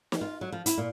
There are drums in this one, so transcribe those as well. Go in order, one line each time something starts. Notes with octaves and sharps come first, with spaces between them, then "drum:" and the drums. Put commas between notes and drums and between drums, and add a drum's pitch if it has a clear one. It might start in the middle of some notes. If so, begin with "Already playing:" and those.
drum: snare
F4
F#3
F3
E4, drum: hi-hat
A#2